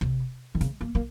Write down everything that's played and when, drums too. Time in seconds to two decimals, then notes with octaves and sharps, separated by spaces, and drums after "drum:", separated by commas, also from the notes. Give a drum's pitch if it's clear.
0.01 C3, drum: kick
0.55 D#3
0.61 C#3, drum: snare
0.81 A#3
0.95 A#3